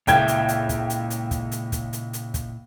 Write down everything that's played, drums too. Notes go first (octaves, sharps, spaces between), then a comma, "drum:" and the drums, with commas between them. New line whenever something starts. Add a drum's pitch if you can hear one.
C#2 A#2 E4 E5 G5 G#6, drum: kick, hi-hat
drum: hi-hat
drum: hi-hat
drum: kick, hi-hat
drum: hi-hat
drum: hi-hat
drum: kick, hi-hat
drum: hi-hat
drum: kick, hi-hat
drum: hi-hat
drum: hi-hat
drum: kick, hi-hat